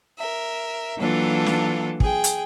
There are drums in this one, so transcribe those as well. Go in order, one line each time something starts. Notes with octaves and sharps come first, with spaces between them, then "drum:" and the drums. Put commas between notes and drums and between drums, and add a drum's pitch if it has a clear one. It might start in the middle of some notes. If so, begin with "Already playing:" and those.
A#4 E5
E3 F#3 A#3 D4 F4 A4
drum: snare
G#4 G5, drum: kick
drum: hi-hat